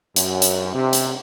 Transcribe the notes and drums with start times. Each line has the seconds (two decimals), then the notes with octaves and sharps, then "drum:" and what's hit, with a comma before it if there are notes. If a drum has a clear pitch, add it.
0.16 F#2, drum: hi-hat
0.42 drum: hi-hat
0.74 C3
0.93 drum: hi-hat